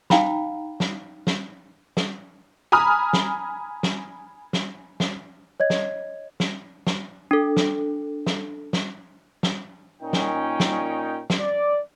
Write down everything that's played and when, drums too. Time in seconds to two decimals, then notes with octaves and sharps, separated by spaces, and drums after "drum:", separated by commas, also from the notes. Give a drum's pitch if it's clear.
0.10 D#4 F5 G5 A#5 B5, drum: snare
0.80 drum: snare
1.27 drum: snare
1.97 drum: snare
2.72 G#5 A#5 B5 D#6 F6
3.13 drum: snare
3.83 drum: snare
4.53 drum: snare
5.00 drum: snare
5.60 C#5 D#5 G#6
5.70 drum: snare
6.40 drum: snare
6.87 drum: snare
7.31 D4 A4
7.57 drum: snare
8.27 drum: snare
8.73 drum: snare
9.43 drum: snare
10.02 A#2 C#4 D#4 G5
10.13 drum: snare
10.60 drum: snare
11.30 drum: snare
11.39 D5